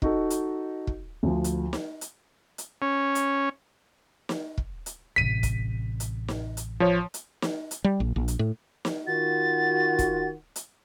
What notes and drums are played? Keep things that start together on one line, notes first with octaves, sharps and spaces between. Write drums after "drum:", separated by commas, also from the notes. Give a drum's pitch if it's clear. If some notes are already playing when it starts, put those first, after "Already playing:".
D#4 F#4 A4, drum: kick
drum: hi-hat
drum: kick
D2 F3
drum: hi-hat
drum: snare
drum: hi-hat
drum: hi-hat
C#4
drum: hi-hat
drum: snare
drum: kick
drum: hi-hat
A1 C3 B6 D#7
drum: kick, hi-hat
drum: hi-hat
drum: snare
drum: hi-hat
F3 C#5
drum: hi-hat
drum: snare
drum: hi-hat
G3
A#1
A#1
drum: hi-hat
A2
drum: snare
D#3 F4 F#4 A6
drum: kick, hi-hat
drum: hi-hat